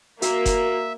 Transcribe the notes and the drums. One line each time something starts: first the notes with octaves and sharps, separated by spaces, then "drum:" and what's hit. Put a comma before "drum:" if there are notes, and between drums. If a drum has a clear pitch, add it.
A#3 F#4 E5, drum: hi-hat
drum: kick F#1, hi-hat